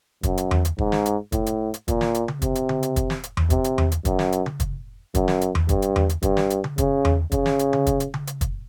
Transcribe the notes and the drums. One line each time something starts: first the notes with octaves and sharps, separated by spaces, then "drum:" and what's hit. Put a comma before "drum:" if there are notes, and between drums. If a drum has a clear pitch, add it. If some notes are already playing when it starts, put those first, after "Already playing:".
F#2, drum: kick, hi-hat
drum: hi-hat
drum: tom E2
drum: hi-hat
G#2, drum: kick
drum: snare
drum: hi-hat
A2, drum: kick, hi-hat
drum: hi-hat
drum: hi-hat
A#2, drum: kick, hi-hat
drum: snare
drum: hi-hat
drum: tom C#3
C3, drum: kick, hi-hat
drum: hi-hat
drum: tom C#3
drum: hi-hat
drum: kick, hi-hat
drum: snare
drum: hi-hat
drum: tom E2
C3, drum: kick, hi-hat
drum: hi-hat
drum: tom E2
drum: hi-hat
F#2, drum: kick, hi-hat
drum: snare
drum: hi-hat
drum: tom C#3
drum: kick, hi-hat
F#2, drum: kick, hi-hat
drum: snare
drum: hi-hat
drum: tom E2
G2, drum: kick, hi-hat
drum: hi-hat
drum: tom E2
drum: hi-hat
G2, drum: kick, hi-hat
drum: snare
drum: hi-hat
drum: tom C#3
C#3, drum: kick, hi-hat
drum: tom E2
C#3, drum: kick, hi-hat
drum: snare
drum: hi-hat
drum: tom C#3
drum: kick, hi-hat
drum: hi-hat
drum: tom C#3
drum: hi-hat
drum: kick, hi-hat